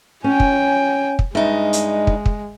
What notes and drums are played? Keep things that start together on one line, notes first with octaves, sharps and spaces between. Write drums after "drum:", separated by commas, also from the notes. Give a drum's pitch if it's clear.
C#4 G5 G#5
drum: kick
drum: kick
G2 G#3 D#4 E5
drum: hi-hat
drum: kick
drum: kick